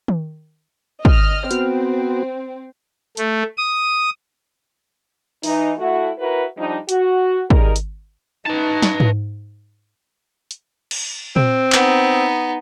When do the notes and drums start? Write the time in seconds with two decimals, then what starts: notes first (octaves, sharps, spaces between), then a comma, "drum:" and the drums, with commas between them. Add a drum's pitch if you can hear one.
0.08 drum: tom D#3
1.05 D#5 F6, drum: kick
1.51 B3 C4 F#4, drum: hi-hat
3.17 A3, drum: hi-hat
3.58 D#6
5.43 E3 D#4, drum: open hi-hat
5.78 A3 E4 F#4
6.19 E4 F#4 A#4 B4
6.57 F3 G3 D4 D#4
6.89 F#4, drum: hi-hat
7.50 G3 D#4 G#4 A#4, drum: kick
7.76 drum: hi-hat
8.46 D#4 B4 A5
8.82 drum: snare
9.00 drum: tom G#2
10.51 drum: hi-hat
10.91 drum: cymbal
11.36 C4, drum: tom A#2
11.72 B3 D#4, drum: clap